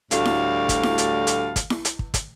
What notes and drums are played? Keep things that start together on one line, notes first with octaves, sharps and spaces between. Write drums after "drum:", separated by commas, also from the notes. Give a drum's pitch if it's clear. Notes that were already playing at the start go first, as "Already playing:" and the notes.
D2 A2 G3 F#4 A4 F5, drum: hi-hat
drum: snare E4
drum: kick, hi-hat
drum: snare E4
drum: hi-hat
drum: hi-hat
drum: kick, hi-hat
drum: snare E4
drum: hi-hat
drum: kick
drum: kick, hi-hat